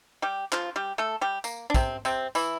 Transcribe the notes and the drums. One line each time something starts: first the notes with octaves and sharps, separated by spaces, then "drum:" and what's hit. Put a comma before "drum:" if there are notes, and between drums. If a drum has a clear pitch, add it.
G3 G4
F3 F4, drum: clap
G3 G4
A3 A4
G3 G4
A#3, drum: tambourine
D4
C3 C4, drum: kick, tambourine
C3 C4, drum: tambourine
E3 E4, drum: tambourine